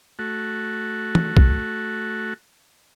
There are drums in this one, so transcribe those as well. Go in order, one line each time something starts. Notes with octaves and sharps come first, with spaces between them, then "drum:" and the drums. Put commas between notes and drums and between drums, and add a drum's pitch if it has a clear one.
A3 F#4
drum: tom
drum: kick